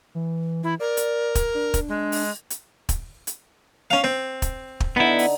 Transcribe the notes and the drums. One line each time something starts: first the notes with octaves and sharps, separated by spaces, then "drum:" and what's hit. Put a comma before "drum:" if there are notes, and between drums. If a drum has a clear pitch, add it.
E3
E3 E4
A#4 D5
drum: hi-hat
drum: kick, hi-hat
D4
drum: kick, hi-hat
G#3
drum: open hi-hat
drum: hi-hat
drum: kick, hi-hat
drum: hi-hat
C#4 F5
C4
drum: kick, hi-hat
drum: kick
D3 B3 D#4 E4
drum: open hi-hat